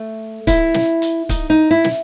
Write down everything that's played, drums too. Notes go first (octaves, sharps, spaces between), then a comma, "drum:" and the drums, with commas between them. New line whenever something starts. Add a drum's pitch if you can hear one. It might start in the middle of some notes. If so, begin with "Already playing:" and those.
Already playing: A3
E4, drum: kick C#1, hi-hat
drum: snare
drum: hi-hat
D#4, drum: kick C#1, hi-hat
D#4
E4
drum: snare